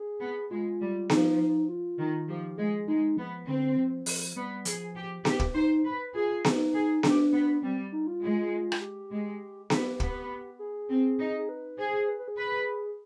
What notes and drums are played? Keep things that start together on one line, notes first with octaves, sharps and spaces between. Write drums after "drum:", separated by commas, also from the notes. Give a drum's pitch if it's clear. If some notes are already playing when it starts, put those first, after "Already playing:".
Already playing: G#4
B3
G#3 F4
G3
F3 D#4, drum: snare B3
F4
D#3
F3 G4
G#3 G#4
G#3 D#4
F3 B3
D3 C4
F3
F3, drum: open hi-hat
G3 B3
F3 G#4, drum: hi-hat
G4
G4, drum: snare B3
drum: kick
D#4 C5
B4
F4 G#4
D#4, drum: snare B3
G#4
D4 G4, drum: snare B3
B3
G3 C4
D#4
F4
G#3
drum: rim click
G4
G#3
B3 G4, drum: snare B3
B3, drum: kick
G#4
C4
D#4
G#4
B4
G#4 C5
B4
B4
G#4
B4